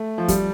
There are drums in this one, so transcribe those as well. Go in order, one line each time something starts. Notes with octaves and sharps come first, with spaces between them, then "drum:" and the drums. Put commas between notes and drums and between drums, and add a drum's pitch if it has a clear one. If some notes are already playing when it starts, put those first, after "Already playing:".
Already playing: A3
F3
G3, drum: kick, hi-hat